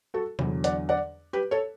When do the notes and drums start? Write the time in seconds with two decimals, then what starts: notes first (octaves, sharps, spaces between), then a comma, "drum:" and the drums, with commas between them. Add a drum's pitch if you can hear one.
0.14 F#4 A4
0.39 E2 D3 F#3, drum: tom C3
0.64 D5 F#5, drum: hi-hat
0.89 D5 F#5
1.33 G4 B4
1.51 A4 C#5